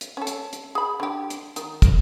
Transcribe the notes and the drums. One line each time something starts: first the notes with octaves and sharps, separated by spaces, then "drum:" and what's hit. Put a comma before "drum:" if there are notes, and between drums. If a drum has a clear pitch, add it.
drum: hi-hat
C#4 A4
drum: hi-hat
drum: hi-hat
G#4 B5
D3 G4
drum: hi-hat
D#3, drum: hi-hat
drum: kick, hi-hat